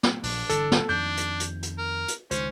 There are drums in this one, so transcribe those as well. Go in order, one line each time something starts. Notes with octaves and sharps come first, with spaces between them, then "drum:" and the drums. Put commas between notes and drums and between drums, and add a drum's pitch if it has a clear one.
drum: snare
A#1 D4, drum: open hi-hat
G1 D3 E3 A4, drum: hi-hat
drum: snare
F2 D#3 D4 G6
drum: hi-hat
drum: hi-hat
drum: hi-hat
A#4
drum: hi-hat
C#2 D#3 C#4 C5, drum: hi-hat